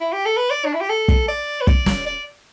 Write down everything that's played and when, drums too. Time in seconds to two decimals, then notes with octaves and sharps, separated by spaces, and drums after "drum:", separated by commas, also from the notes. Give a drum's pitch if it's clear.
0.01 E4
0.13 G4
0.26 A4
0.37 B4
0.50 D5
0.65 D4
0.74 E4
0.81 G4
0.89 A4
1.08 drum: kick
1.28 D5
1.61 B4
1.67 D5, drum: kick
1.86 drum: snare
2.06 D5